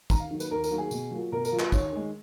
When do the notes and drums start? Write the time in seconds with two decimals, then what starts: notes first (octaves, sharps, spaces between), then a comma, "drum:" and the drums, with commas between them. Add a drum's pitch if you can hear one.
0.10 D#2 A#5, drum: kick, tambourine
0.20 F5
0.30 D#3 F#3 A#3
0.40 B4, drum: tambourine
0.51 D#2 A#4
0.64 A#4, drum: tambourine
0.71 D#3 F#3 A#3
0.78 G#4
0.91 B2, drum: tambourine
1.11 F#3 A#3 F4
1.32 B2 A#4
1.45 A#4, drum: tambourine
1.52 F#3 A#3 F4
1.59 B4, drum: clap
1.72 D#2 C#5, drum: kick, tambourine
1.92 D#3 G#3